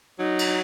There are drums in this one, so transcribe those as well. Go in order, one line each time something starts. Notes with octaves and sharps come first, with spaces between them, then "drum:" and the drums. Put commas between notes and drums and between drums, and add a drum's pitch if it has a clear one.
F#3 D#4
drum: cymbal